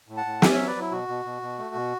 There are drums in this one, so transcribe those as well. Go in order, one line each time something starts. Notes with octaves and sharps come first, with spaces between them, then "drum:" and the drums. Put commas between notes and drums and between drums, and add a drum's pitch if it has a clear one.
A2
F#5 A5
A2
C#4 E5 G#5, drum: snare
F#3 C#5 E5
B4 D5
F#3 E4
B2 F#4
B2
B2
B2
A3
B2